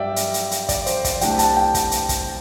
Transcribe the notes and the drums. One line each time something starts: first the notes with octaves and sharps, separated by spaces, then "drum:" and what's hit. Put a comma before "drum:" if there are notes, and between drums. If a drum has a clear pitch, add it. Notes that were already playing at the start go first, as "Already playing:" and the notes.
Already playing: G2 G3 D5 E5 G5
drum: hi-hat
drum: hi-hat
drum: hi-hat
D5, drum: kick, hi-hat
C5, drum: hi-hat
D5, drum: kick, hi-hat
C2 C3 A3 D4 G5, drum: hi-hat
A5, drum: hi-hat
G5
G5, drum: kick, hi-hat
drum: hi-hat
drum: kick, hi-hat